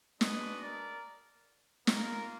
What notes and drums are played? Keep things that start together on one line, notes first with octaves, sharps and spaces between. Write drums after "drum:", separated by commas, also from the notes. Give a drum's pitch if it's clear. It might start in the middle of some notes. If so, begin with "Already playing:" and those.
G#3 D4 F#4 B4 D#5, drum: snare
A#4 D5
A#3 F4 A#4, drum: snare